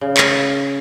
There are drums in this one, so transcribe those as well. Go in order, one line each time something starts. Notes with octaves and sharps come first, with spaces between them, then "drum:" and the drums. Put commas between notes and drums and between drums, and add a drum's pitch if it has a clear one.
C#3
drum: clap